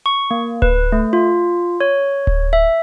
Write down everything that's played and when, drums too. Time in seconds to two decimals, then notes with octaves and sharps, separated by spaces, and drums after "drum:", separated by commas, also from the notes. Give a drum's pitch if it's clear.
0.06 C#6
0.31 A#3
0.62 B4, drum: kick D1
0.92 A3
1.13 F4
1.80 C#5
2.27 drum: kick D1
2.53 E5